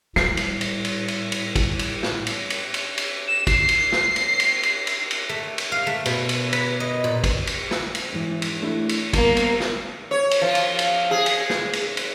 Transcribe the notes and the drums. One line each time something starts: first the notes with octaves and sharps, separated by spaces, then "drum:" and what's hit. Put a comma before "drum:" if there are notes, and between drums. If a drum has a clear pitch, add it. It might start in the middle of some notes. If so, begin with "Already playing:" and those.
A2 G3 C7, drum: snare
drum: cymbal
drum: cymbal
drum: cymbal
drum: cymbal
drum: cymbal
drum: kick, cymbal
drum: cymbal
drum: snare
drum: cymbal
drum: cymbal
drum: cymbal
drum: cymbal
E7
C7, drum: kick, cymbal
drum: cymbal
drum: snare
drum: cymbal
drum: cymbal
drum: cymbal
drum: cymbal
drum: cymbal
A3
drum: cymbal
F5
A3
B2, drum: cymbal
drum: cymbal
B4, drum: cymbal
D#5
A#2
drum: kick, cymbal
drum: cymbal
drum: snare
drum: cymbal
F2 G#2 E3
drum: cymbal
A3 D4 E4
drum: cymbal
G3 A#3 B3, drum: kick, cymbal
drum: cymbal
drum: snare
C#5
drum: cymbal
F3
drum: cymbal
drum: cymbal
G#4
drum: cymbal
drum: snare
drum: cymbal
drum: cymbal